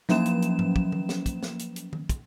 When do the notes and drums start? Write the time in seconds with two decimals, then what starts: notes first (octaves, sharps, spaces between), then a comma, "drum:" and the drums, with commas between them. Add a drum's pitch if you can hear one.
0.09 F3 F#3 A#3 C#4 E7, drum: snare
0.25 drum: hi-hat
0.42 drum: hi-hat
0.59 drum: tom
0.76 drum: kick
0.92 drum: tom D#3
1.09 drum: snare
1.26 drum: kick, hi-hat
1.43 drum: snare
1.59 drum: hi-hat
1.76 drum: hi-hat
1.93 drum: tom D#3
2.09 drum: kick, hi-hat